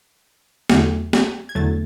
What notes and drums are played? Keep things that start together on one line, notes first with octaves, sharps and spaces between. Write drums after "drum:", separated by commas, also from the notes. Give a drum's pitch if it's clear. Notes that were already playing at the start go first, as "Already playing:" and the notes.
E2 D3 F#3 A3, drum: snare
drum: snare
G#6
E2 D3 F#3 A3 A6